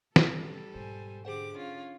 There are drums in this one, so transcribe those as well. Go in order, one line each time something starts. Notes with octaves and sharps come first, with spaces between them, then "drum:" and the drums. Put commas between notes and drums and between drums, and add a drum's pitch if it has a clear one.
G3 A4, drum: snare
G#2 B2 C5 G#5
D3 G4 G#4 C5 F#5 D6
C#4 F4